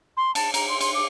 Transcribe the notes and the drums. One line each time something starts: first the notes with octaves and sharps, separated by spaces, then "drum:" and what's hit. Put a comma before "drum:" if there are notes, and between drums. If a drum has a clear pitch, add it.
C6
A5, drum: cymbal
A#5, drum: cymbal
C6
C6, drum: cymbal
D6